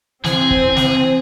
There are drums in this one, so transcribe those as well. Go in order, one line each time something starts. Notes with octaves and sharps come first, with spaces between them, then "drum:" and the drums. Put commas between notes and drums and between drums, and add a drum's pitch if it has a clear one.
E3 C4 G#4 G#5, drum: snare
drum: kick
drum: snare